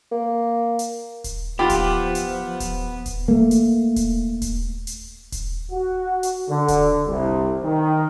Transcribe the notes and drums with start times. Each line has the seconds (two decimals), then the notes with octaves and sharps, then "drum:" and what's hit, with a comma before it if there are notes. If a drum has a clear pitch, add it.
0.12 A#3
0.79 drum: hi-hat
1.24 drum: kick D#1, hi-hat
1.59 F3 B3 F4 G4 B5
1.70 drum: kick D#1, hi-hat
2.15 drum: hi-hat
2.60 drum: kick D#1, hi-hat
3.06 drum: kick D#1, hi-hat
3.28 A3 A#3
3.51 drum: hi-hat
3.96 drum: kick D#1, hi-hat
4.42 drum: kick D#1, hi-hat
4.87 drum: hi-hat
5.32 drum: kick D#1, hi-hat
5.72 F#4
6.23 drum: hi-hat
6.49 D3
6.68 drum: kick D#1, hi-hat
7.07 C2
7.63 D#3